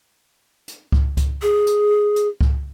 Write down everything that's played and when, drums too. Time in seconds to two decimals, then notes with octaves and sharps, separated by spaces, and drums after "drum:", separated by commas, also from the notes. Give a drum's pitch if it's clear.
0.68 drum: hi-hat
0.92 drum: kick C#2
1.17 drum: kick C#2, hi-hat
1.42 G#4
1.67 drum: hi-hat
2.16 drum: hi-hat
2.41 drum: kick C#2